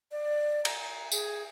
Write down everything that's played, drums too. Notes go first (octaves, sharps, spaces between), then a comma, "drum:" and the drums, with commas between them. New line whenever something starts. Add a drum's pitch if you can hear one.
D5
A#5, drum: cymbal
G#4, drum: tambourine